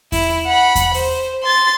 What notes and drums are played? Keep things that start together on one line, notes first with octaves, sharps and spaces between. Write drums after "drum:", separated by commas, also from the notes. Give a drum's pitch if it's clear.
E4, drum: kick E2, open hi-hat
F#5 B5
drum: kick E2, hi-hat
C5, drum: open hi-hat
C6 A6